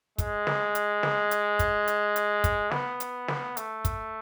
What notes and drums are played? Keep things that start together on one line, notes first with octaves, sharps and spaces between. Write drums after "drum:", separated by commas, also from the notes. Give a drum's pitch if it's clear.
G#3, drum: kick, hi-hat
drum: snare
drum: hi-hat
drum: snare
drum: hi-hat
drum: kick, hi-hat
drum: hi-hat
drum: hi-hat
drum: kick, hi-hat
B3, drum: snare
drum: hi-hat
drum: snare
A3, drum: hi-hat
drum: kick, hi-hat